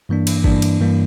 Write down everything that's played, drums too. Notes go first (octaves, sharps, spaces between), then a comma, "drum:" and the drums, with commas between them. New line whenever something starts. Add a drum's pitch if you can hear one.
G2 E3 A#3 D4
drum: cymbal
G2 E3 A#3 D4, drum: kick G1
drum: cymbal
G2 E3 A#3 D4